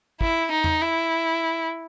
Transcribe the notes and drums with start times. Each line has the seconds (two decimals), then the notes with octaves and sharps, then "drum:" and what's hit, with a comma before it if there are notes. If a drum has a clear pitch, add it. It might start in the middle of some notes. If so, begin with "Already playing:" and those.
0.21 E4, drum: kick
0.51 D#4
0.64 drum: tom
0.81 E4